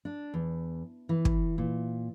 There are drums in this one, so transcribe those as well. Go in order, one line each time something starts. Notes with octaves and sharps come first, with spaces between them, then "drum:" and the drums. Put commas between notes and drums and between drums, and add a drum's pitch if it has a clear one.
D4
E2
E3
drum: kick
A#2